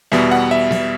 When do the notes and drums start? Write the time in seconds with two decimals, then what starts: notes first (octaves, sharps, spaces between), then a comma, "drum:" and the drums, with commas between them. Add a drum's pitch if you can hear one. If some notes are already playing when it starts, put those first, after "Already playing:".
0.12 E2 B2 G3 B3 E5, drum: snare B3
0.31 F#5
0.51 E5
0.71 drum: snare B3